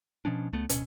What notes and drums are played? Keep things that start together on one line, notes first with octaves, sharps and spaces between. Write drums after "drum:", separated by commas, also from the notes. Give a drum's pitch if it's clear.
B2 F3 C#4 D4
C#2 A3 B3
D1 B2 C#4, drum: hi-hat